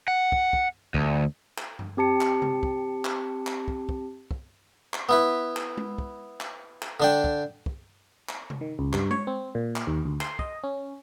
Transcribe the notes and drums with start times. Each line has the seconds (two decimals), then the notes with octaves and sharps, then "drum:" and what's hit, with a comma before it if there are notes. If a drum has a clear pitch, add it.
0.08 F#5
0.32 drum: kick
0.53 drum: kick
0.94 D2, drum: kick
1.58 drum: clap
1.79 drum: tom F#2
1.97 C4 G4 A5 C#7
2.21 drum: clap
2.42 drum: tom C3
2.63 drum: kick
3.05 drum: clap
3.47 drum: clap
3.68 drum: kick
3.89 drum: kick
4.31 drum: kick
4.94 drum: clap
5.09 B3 E4 B4
5.56 drum: clap
5.77 drum: tom G#3
5.98 drum: kick
6.40 drum: clap
6.82 drum: clap
7.00 D3 D4 G5
7.24 drum: kick
7.66 drum: kick
8.29 drum: clap
8.50 drum: tom C3
8.61 D#3
8.79 C#2
8.93 G2, drum: clap
9.11 C#5, drum: tom G#3
9.27 C4
9.55 A#2
9.76 drum: clap
9.87 D#2
10.05 D2
10.21 C6, drum: clap
10.39 D#5, drum: kick
10.64 C#4